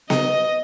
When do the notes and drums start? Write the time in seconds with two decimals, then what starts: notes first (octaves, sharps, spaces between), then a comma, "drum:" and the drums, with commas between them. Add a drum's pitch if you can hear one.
0.10 D#5, drum: snare B3